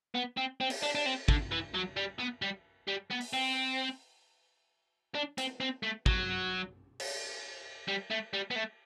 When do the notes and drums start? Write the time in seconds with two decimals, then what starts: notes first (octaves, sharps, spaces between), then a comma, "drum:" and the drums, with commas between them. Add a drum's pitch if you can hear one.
0.14 B3
0.37 C4
0.60 C4
0.70 drum: cymbal
0.83 D4
0.95 D4
1.06 C4
1.28 D3, drum: kick
1.51 E3
1.74 F#3
1.96 G3
2.19 B3
2.42 G3
2.88 G3
3.10 B3
3.21 drum: open hi-hat
3.33 C4
5.15 D4
5.38 C4, drum: hi-hat
5.60 C4
5.83 A3
6.06 F#3, drum: kick
7.00 drum: cymbal
7.88 G3
8.10 A3
8.33 G3
8.51 B3
8.56 A3